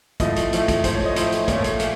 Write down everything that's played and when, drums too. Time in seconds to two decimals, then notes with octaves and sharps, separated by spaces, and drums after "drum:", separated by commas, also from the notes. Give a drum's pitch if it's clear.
0.20 A2 F3 A3 D#5, drum: kick, hi-hat
0.36 drum: hi-hat
0.53 A2 F3 A3, drum: hi-hat
0.68 drum: kick, hi-hat
0.84 A2 F3 A3 C5, drum: kick, hi-hat
0.95 C#5
1.05 D#5
1.16 A2 F3 A3 C5, drum: hi-hat
1.32 drum: hi-hat
1.48 A#2 F3 A3 C#5, drum: kick, hi-hat
1.64 drum: hi-hat
1.80 A3, drum: hi-hat